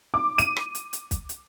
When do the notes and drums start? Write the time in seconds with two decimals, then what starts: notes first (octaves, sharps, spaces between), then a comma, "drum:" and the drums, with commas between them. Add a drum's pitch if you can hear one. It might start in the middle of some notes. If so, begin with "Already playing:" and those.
0.14 D6
0.38 D#7, drum: hi-hat
0.57 drum: rim click
0.75 drum: hi-hat
0.93 drum: hi-hat
1.11 drum: kick, hi-hat
1.29 drum: hi-hat